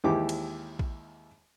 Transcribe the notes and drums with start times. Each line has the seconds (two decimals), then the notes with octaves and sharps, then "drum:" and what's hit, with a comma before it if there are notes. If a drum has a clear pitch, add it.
0.04 D#2 E3 G#3 E4 G4 D6
0.29 drum: cymbal
0.79 drum: kick A#1